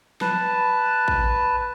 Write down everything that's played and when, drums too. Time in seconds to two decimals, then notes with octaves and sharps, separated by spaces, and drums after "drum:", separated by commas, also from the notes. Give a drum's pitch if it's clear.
0.21 B4 A5, drum: snare
1.08 drum: kick A1